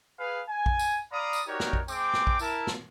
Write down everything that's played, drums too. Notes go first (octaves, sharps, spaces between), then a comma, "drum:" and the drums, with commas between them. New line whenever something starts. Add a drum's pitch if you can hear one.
G#4 B4 F5
G#5
drum: kick A#1
drum: tambourine
D5 F5 A#5 B5 D#6
drum: tambourine
D#4 F#4 G4 A#4 C#5 D5
drum: snare
drum: kick A#1
G#3 C4 G5 D6, drum: tambourine
drum: snare
drum: kick A#1
E4 A#4 A5, drum: tambourine
drum: snare